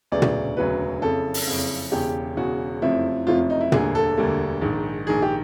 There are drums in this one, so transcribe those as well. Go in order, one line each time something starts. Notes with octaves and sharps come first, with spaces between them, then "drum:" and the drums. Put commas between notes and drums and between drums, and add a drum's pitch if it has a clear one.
E1 D2 C#3 F#3 B3 D5
drum: tom
E1 D2 C#3 F#3 B3 B4
F#1 F2 C#3 A4
drum: open hi-hat
F#1 F2 C#3
E1 E2 C#3 G4
E1 E2 C#3 F#4
F#1 F2 C3 F3 A3 E4
F#1 F2 C3 F3 A3 F4
D#4
E4
E1 D2 D3 G3 A#3 G#4, drum: tom
A4
E1 D2 D3 G3 A#3
A#1 G#2 D#3
A#1 G#2 D#3 G#4
G4